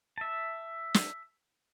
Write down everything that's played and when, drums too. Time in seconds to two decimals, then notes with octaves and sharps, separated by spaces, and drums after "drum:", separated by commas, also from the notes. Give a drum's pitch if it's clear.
0.18 E5 A5
0.94 drum: snare